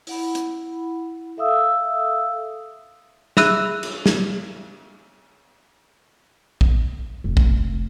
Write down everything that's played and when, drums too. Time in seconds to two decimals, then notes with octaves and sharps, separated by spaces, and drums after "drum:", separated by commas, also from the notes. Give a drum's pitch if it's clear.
0.07 E4 F#5 B5, drum: open hi-hat
0.35 drum: hi-hat
1.37 A4 E5 F5 D#6 E6
3.37 G#4 E5 B5 E6 F#6 D#7, drum: snare
3.83 drum: cymbal
4.06 drum: snare
6.61 drum: kick A1
7.24 F1
7.37 drum: kick A1